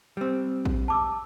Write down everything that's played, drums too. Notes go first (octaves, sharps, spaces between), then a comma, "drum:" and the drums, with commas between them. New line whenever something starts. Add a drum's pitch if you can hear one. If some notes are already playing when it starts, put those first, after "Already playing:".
G3 C4
drum: kick A#1
A5 D6 E6